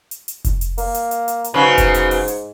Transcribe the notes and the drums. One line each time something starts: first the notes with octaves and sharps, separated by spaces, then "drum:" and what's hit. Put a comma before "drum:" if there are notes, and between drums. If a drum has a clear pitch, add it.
drum: hi-hat
drum: hi-hat
drum: kick F1, hi-hat
drum: hi-hat
A#3, drum: open hi-hat
drum: hi-hat
drum: hi-hat
drum: hi-hat
drum: hi-hat
G#2 C#3 F#3 B4 C#5
drum: kick F1, hi-hat
drum: hi-hat
drum: open hi-hat
drum: hi-hat